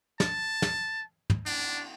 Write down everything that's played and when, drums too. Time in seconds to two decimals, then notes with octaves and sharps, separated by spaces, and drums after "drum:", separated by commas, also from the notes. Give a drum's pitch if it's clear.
0.20 A5, drum: snare
0.62 drum: snare
1.30 drum: tom
1.46 D4, drum: cymbal